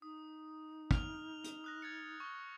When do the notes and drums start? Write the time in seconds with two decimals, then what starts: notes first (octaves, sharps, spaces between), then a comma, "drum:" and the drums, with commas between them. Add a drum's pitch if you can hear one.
0.02 D#4 D#6
0.91 F6 F7 G7, drum: kick
1.44 drum: hi-hat
1.64 D#6 F#6 A#6
1.82 G#6 A6 C#7
2.20 C#6 G7